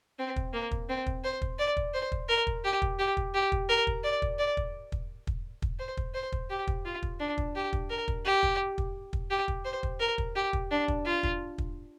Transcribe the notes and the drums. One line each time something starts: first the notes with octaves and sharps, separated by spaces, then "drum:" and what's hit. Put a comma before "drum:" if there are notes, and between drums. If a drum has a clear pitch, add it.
C4
drum: kick
A#3
drum: kick
C4
drum: kick
C5
drum: kick
D5
drum: kick
C5
drum: kick
A#4
drum: kick
G4
drum: kick
G4
drum: kick
G4
drum: kick
A#4
drum: kick
D5
drum: kick
D5
drum: kick
drum: kick
drum: kick
drum: kick
C5
drum: kick
C5
drum: kick
G4
drum: kick
F4
drum: kick
D4
drum: kick
G4
drum: kick
A#4
drum: kick
G4
drum: kick
drum: kick
drum: kick
G4
drum: kick
C5
drum: kick
A#4
drum: kick
G4
drum: kick
D4
drum: kick
F4
drum: kick
drum: kick